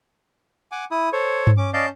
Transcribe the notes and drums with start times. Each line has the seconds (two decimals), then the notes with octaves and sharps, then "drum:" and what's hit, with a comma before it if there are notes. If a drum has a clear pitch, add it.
0.72 F#5 G#5 D6
0.91 E4 D#6
1.13 A4 C5 C#5
1.47 drum: tom G2
1.57 C#4 D6
1.74 C#4 D5 D#5 F5 A5 G6